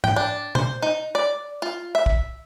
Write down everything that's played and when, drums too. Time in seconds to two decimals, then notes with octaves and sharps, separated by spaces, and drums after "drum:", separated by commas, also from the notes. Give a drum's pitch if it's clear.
0.04 G5, drum: tom G#2
0.16 D4
0.55 C5, drum: tom B2
0.82 D#4
1.15 D5
1.62 F4
1.95 E5
2.06 drum: kick